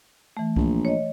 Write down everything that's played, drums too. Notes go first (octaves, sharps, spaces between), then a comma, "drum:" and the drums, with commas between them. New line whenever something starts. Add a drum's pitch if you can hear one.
E3 A3
A#1, drum: kick C2
C#5 D#5